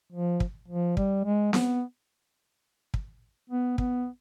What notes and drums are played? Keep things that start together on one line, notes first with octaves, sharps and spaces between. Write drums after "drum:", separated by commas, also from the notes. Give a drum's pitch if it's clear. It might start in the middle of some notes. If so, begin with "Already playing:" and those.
F3
drum: kick
F3
G3, drum: kick
G#3
B3, drum: snare C4
drum: kick
B3
B3, drum: kick